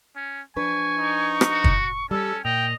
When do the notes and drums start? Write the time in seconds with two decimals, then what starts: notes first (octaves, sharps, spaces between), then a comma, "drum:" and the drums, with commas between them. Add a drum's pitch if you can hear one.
0.16 C#4
0.56 F3 D4 B4 G#5 C#6
0.98 D#4
1.41 drum: rim click
1.51 F#4
1.64 drum: kick
2.11 G3 C#4 A4 D5 E6
2.45 A#2 D#5 G5 F7